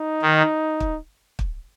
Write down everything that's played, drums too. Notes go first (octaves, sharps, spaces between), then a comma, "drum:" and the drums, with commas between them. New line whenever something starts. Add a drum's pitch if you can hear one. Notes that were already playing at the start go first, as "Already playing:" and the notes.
Already playing: D#4
D#3
drum: kick
drum: kick